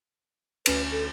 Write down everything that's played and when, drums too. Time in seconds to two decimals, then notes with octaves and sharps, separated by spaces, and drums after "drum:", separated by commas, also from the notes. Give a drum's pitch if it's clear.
0.66 D2 C#4 B4 E7, drum: cymbal
0.91 A4